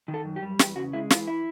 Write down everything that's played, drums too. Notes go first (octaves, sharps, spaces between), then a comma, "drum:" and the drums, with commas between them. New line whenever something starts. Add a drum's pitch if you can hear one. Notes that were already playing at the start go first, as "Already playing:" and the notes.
D#3
A4
F#2
G4
G3
E2 G4, drum: snare
C#3 F#4
G#3 E4
E3 F4, drum: snare
E4